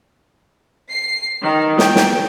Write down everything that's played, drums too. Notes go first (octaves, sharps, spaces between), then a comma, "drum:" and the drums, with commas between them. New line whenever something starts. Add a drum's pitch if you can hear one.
C7
D#3
G5, drum: snare
drum: snare